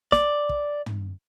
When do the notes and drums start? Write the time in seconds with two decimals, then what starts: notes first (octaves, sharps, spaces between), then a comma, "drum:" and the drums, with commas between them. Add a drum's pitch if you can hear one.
0.12 D5, drum: snare
0.49 drum: kick
0.86 drum: tom